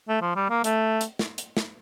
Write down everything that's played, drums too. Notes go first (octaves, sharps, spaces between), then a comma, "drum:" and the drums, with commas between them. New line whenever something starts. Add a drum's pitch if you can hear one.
A3
F3
G3
A#3
A3, drum: hi-hat
drum: hi-hat
drum: snare
drum: hi-hat
drum: snare